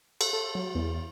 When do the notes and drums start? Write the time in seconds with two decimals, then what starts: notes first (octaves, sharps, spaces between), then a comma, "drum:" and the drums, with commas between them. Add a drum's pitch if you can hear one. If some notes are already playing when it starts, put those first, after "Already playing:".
0.21 A4, drum: cymbal
0.33 A4
0.55 F#3
0.75 E2